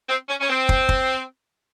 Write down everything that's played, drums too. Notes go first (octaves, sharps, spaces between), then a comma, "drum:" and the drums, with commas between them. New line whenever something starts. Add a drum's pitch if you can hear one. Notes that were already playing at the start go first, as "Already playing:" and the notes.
C4
C#4
C#4
C4
drum: kick
drum: kick